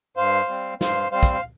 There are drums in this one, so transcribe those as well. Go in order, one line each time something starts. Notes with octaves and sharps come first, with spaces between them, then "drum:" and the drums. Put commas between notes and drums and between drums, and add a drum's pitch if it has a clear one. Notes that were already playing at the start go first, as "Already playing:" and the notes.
G2 C5 F5
G3 C4
G2 C5 F5, drum: snare
G3 C4 C5 F5
drum: kick, hi-hat
F5